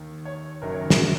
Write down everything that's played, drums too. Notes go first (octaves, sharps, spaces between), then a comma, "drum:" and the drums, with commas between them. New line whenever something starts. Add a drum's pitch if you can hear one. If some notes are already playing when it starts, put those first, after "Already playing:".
Already playing: D#2 D#3
C#5
F#1 F#2 D#3 F#3 A#4
C#5
A#4
G#4, drum: snare
F#4